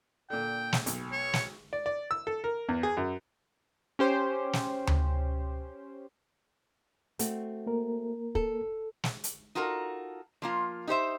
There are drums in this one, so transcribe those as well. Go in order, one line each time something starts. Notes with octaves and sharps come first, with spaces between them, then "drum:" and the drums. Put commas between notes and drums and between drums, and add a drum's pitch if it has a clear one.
A#2 D3 G5
drum: snare
B1, drum: hi-hat
C#5
drum: snare
D5
D5
E6
A4
A#4
E2
G#4
F#2
C#4 G4 C5
drum: snare
drum: tom D2
A3 C4 F#4, drum: hi-hat
A#3 A#4
A4, drum: kick
drum: snare
drum: hi-hat
D#4 F4 F#4 A4 A#4
F3 A#3 F4
D#4 G4 C5 E5